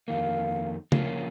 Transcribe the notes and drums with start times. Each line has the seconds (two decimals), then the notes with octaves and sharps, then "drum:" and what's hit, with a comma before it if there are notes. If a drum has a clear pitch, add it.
0.08 F2 D#3 A#3 F5
0.92 C#3 F3 A#3 C#4 F4, drum: tom C#3